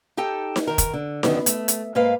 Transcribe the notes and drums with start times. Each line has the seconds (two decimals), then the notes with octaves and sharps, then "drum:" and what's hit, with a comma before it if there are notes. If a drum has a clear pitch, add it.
0.17 D#4 G4 A4 G5 A5
0.56 drum: snare D#4
0.67 D#3 A#4
0.78 drum: kick, hi-hat
0.93 D3
1.23 F#2 D3 D#3 B3, drum: snare D#4
1.46 A3, drum: hi-hat
1.68 drum: hi-hat
1.95 G#2 A#3 B4 F5